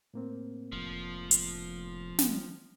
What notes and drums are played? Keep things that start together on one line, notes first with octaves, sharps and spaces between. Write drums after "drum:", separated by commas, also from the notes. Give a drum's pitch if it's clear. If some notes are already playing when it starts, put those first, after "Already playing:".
A2 A#3 C4
F1 F3
drum: hi-hat
drum: snare